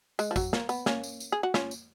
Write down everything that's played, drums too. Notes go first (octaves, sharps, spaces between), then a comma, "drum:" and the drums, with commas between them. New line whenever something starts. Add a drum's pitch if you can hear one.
G#3, drum: tambourine
F3
F#3, drum: kick, tambourine
A#3, drum: snare
B3, drum: tambourine
A#3 C#4, drum: snare
drum: tambourine
drum: tambourine
G#4
F#4
C#4 F4, drum: snare
drum: tambourine